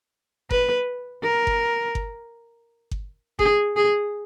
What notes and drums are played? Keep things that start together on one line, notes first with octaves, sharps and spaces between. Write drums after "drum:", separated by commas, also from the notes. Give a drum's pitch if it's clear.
B4, drum: kick G1
A#4
drum: kick G1
drum: kick G1
drum: kick G1
G#4, drum: kick G1
G#4